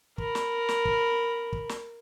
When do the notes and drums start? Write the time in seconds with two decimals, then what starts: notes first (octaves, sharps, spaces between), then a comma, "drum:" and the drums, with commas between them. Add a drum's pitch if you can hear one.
0.18 A#4 B5, drum: kick
0.35 drum: snare
0.69 drum: snare
0.85 drum: kick
1.53 drum: kick
1.69 drum: snare